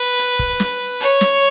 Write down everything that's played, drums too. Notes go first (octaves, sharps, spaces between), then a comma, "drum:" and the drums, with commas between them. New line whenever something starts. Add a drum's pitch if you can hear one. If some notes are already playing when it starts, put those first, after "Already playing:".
Already playing: B4
drum: hi-hat
drum: kick
drum: snare
C#5, drum: hi-hat
drum: snare